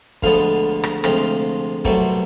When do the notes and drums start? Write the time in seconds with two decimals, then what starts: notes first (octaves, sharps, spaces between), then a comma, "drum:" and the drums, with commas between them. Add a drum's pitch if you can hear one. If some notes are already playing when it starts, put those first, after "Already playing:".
0.23 D2 D3 F3 G#3 B3 F5, drum: kick
0.83 drum: rim click
1.04 D2 C3 F3 G#3 F5, drum: rim click
1.85 C2 B2 F#3 A3 C4, drum: kick